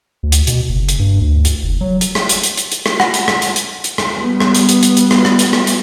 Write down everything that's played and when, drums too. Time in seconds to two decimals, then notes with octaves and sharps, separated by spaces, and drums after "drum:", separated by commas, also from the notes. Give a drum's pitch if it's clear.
0.23 D2
0.32 drum: hi-hat
0.47 B2, drum: hi-hat
0.69 F#1
0.89 drum: hi-hat
0.99 G2
1.21 D2
1.45 drum: hi-hat
1.63 F1
1.81 F#3
2.01 drum: hi-hat
2.15 drum: rim click
2.29 drum: hi-hat
2.43 drum: hi-hat
2.57 drum: hi-hat
2.72 drum: hi-hat
2.86 drum: rim click
3.00 F#5, drum: rim click
3.14 drum: hi-hat
3.28 drum: rim click
3.42 drum: hi-hat
3.56 drum: hi-hat
3.84 drum: hi-hat
3.98 drum: rim click
4.19 G3 B3
4.40 drum: rim click
4.55 drum: hi-hat
4.69 drum: hi-hat
4.83 drum: hi-hat
4.97 drum: hi-hat
5.11 drum: rim click
5.25 drum: rim click
5.39 drum: hi-hat
5.53 drum: rim click
5.67 drum: hi-hat